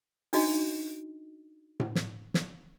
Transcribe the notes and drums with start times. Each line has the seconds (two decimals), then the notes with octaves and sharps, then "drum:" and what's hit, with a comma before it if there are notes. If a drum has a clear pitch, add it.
0.33 D4 D#4 F#4 D#5, drum: open hi-hat
1.80 drum: tom A2
1.95 drum: snare
2.34 drum: snare